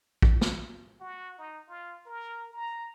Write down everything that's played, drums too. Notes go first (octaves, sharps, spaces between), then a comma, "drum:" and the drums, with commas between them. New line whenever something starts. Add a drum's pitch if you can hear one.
drum: kick
drum: snare
F#4
D#4
F4
A#4
A#5